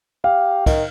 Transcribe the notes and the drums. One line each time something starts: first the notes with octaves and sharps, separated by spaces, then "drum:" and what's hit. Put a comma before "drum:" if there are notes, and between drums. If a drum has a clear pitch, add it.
G4 F5
D#3, drum: kick, cymbal